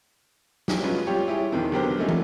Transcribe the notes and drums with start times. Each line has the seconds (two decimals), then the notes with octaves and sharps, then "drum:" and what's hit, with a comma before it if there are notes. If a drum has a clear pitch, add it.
0.68 drum: snare
0.83 F#3 G#3 C#4 F4 B4
1.07 G3 C4 F4 G4 C#5
1.28 E4 G4 G#4 C#5
1.52 E2 B2 D#3 C4
1.72 D3 F#3 B3 G4 A#4 C5
1.99 G3 A3 A#3 C#4 D#4 F4
2.09 drum: tom